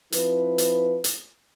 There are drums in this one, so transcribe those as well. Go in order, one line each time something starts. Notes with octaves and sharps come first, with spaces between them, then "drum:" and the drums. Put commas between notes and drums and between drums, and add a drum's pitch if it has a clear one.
F3 C4 E4 B4, drum: hi-hat
drum: hi-hat
drum: hi-hat